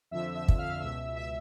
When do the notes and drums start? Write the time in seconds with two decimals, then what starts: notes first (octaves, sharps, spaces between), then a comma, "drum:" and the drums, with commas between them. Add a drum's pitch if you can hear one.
0.11 F2 D3 F3 E5 E6
0.35 E5 E6
0.48 drum: kick
0.58 F5 F6
0.81 C#2 B2 E5 E6
1.16 E5 E6